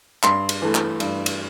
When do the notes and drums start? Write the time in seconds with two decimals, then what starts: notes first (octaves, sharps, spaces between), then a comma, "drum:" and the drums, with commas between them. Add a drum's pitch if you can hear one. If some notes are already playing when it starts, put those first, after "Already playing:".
0.23 G2 C6, drum: clap
0.49 drum: cymbal
0.62 E3 A3
0.75 drum: clap
1.00 G2, drum: cymbal
1.26 drum: cymbal